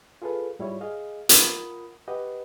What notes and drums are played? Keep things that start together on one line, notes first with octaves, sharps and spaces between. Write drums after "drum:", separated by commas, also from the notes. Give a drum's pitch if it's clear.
F4 G#4 A4 B4 F5
G#2 G3 E4 F4 C#5
G#4 D#5 F5
F4 A#4 F#5 B5 D#6, drum: hi-hat
G4 B4 D#5 F#5